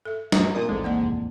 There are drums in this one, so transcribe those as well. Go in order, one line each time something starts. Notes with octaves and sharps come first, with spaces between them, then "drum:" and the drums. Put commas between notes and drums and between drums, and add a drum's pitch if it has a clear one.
A4 E5
G2, drum: snare
A#2 C4 D5 A5 D#6
A1 D#2 G#2 E3 G#3 A4
A#3 D5 F#5
F2 A2 C3